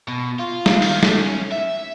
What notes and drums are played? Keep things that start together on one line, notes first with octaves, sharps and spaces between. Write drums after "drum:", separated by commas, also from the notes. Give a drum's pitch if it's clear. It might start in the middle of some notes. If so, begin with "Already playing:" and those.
B2
F4
drum: snare
D#3, drum: open hi-hat
A3, drum: snare
C#4
E5